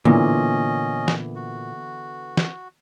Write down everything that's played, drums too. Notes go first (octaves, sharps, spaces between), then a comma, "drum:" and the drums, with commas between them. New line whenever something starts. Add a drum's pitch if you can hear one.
A#2 D3 E3 B3 C#4 D#5, drum: tom A2
drum: snare
F#4
drum: snare